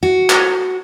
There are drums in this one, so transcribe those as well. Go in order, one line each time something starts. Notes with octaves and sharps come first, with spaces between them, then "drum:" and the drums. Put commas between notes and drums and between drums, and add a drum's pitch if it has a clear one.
F#4
drum: clap